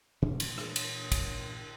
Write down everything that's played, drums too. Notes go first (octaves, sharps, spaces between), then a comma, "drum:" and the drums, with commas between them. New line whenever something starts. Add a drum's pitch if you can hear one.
A#2 D3 E3 G3
drum: cymbal
drum: rim click
drum: cymbal
drum: kick, cymbal